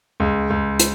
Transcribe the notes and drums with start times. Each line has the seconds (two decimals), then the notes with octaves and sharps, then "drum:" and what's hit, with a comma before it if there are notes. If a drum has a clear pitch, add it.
0.20 C#2
0.50 C#2
0.79 drum: hi-hat